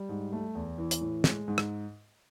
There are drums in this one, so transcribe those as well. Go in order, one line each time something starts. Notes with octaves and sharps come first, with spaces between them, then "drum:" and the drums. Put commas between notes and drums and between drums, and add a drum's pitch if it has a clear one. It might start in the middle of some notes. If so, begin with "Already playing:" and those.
Already playing: G3
G#2
A3
E2
E3
drum: hi-hat
A2
G#3, drum: snare
G#2
drum: rim click